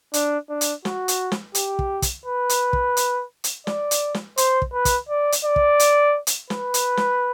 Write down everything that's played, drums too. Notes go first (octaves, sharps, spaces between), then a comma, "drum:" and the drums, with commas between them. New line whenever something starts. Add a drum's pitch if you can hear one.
D4, drum: hi-hat
D4
drum: hi-hat
F#4, drum: snare
drum: hi-hat
drum: snare
G4, drum: hi-hat
drum: kick
drum: kick, hi-hat
B4
drum: hi-hat
drum: kick
drum: hi-hat
drum: hi-hat
D5, drum: snare
drum: hi-hat
drum: snare
C5, drum: hi-hat
drum: kick
B4
drum: kick, hi-hat
D5
drum: hi-hat
D5
drum: kick
drum: hi-hat
drum: hi-hat
B4, drum: snare
drum: hi-hat
drum: snare